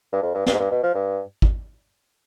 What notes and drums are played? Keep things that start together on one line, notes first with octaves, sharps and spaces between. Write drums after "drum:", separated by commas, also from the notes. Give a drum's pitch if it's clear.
G2
F2
G2
G2, drum: snare
G#2
G2
B2
F3
G2
drum: kick G#1